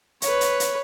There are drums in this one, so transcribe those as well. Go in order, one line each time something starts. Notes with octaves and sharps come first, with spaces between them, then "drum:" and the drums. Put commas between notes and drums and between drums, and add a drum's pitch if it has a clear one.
B4 C#5, drum: hi-hat
drum: hi-hat
drum: hi-hat